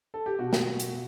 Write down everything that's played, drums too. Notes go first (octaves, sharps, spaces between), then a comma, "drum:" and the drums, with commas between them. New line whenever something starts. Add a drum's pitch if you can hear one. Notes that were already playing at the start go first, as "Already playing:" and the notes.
A4
G4
B2 F#4
drum: snare
drum: hi-hat